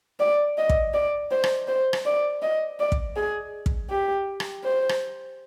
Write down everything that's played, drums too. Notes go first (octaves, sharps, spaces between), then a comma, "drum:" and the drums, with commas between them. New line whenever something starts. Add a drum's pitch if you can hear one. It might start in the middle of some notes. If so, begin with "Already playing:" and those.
D5
D#5
drum: kick
D5
C5
drum: rim click
C5
drum: rim click
D5
D#5
D5
drum: kick
G#4
drum: kick
G4
drum: rim click
C5
drum: rim click